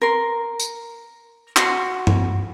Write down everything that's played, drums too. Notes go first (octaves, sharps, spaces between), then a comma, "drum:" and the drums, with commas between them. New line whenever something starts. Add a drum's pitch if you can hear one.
A#4 C6
drum: tambourine
F#4 C6, drum: clap
drum: tom G2